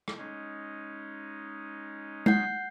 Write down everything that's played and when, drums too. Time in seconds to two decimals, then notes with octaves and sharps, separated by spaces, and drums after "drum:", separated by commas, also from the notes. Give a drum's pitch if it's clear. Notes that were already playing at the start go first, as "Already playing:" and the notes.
0.08 drum: rim click
0.18 G#3 C#4 D#4
2.26 F#5 G6 C7, drum: tom G#3